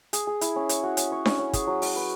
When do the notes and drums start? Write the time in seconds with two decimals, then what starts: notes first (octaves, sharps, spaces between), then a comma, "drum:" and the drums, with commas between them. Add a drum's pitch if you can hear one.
0.13 G#4, drum: hi-hat
0.27 G#4
0.41 E4, drum: hi-hat
0.56 C#4
0.69 C#5, drum: hi-hat
0.83 F#4
0.97 C#4, drum: hi-hat
1.12 C#5
1.26 C#4, drum: snare D4
1.39 C#4
1.53 G#4, drum: kick, hi-hat
1.67 F#3
1.82 F#4, drum: open hi-hat
1.96 B4